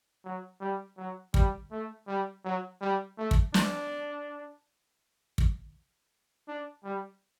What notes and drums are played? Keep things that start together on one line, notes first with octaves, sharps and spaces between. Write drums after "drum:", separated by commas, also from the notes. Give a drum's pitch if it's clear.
F#3
G3
F#3
G3, drum: kick
A3
G3
F#3
G3
A3
drum: kick
D4, drum: snare
drum: kick
D4
G3